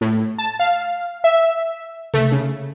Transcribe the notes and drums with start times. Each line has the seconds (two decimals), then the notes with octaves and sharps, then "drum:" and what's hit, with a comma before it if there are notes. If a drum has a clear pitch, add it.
0.01 A2
0.38 A5
0.59 F5
1.24 E5
2.14 A3, drum: tom C3
2.32 C#3